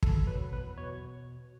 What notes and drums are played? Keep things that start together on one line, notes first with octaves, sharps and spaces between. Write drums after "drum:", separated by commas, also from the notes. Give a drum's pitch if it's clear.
B2 A4, drum: kick
F#3 B4
E2 B4
B2 C#5